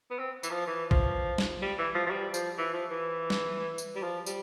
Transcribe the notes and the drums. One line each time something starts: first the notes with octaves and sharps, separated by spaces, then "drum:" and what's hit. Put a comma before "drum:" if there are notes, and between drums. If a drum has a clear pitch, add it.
B3
C4
E3, drum: tambourine
F3
E3
F3, drum: kick A#1
drum: snare
G3
E3
F3
F3
G3
F3, drum: tambourine
E3
F3
E3
drum: snare
drum: tambourine
G3
F3
G3, drum: tambourine